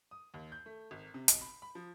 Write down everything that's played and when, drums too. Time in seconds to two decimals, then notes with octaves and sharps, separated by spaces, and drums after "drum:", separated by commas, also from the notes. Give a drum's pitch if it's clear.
0.11 D#6
0.34 D#2
0.52 G6
0.66 A3
0.91 G#1
1.14 C3
1.28 B1, drum: hi-hat
1.41 B5
1.62 B5
1.75 F3